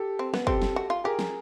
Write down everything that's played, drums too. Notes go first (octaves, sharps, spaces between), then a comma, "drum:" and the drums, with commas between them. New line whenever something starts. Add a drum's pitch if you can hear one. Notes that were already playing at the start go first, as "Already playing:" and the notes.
Already playing: G4 A4
C4
B3, drum: snare
C4 G4 A4, drum: kick
drum: snare
F#4
F4
G4 G#4 A#4
drum: snare